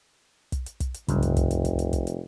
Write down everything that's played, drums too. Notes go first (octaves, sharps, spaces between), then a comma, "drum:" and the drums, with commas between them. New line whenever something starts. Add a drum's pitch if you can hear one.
drum: kick, hi-hat
drum: hi-hat
drum: kick, hi-hat
drum: hi-hat
F1 C#2 G2, drum: kick, hi-hat
drum: hi-hat
drum: kick, hi-hat
drum: hi-hat
drum: kick, hi-hat
drum: hi-hat
drum: kick, hi-hat
drum: hi-hat